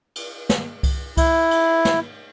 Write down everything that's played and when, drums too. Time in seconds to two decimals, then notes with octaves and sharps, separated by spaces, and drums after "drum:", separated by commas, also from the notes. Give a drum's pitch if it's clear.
0.16 drum: cymbal
0.49 drum: snare
0.83 drum: kick C2, cymbal
1.17 E4, drum: kick C2, cymbal
1.51 drum: cymbal
1.85 drum: snare